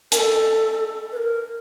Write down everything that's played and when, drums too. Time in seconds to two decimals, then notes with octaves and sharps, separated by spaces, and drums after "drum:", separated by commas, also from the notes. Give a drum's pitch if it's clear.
0.12 A#4, drum: hi-hat
0.17 A4
1.12 B4
1.17 A#4